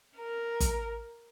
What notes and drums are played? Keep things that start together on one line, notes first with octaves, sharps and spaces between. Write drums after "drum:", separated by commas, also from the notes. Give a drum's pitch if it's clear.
A#4
drum: kick, hi-hat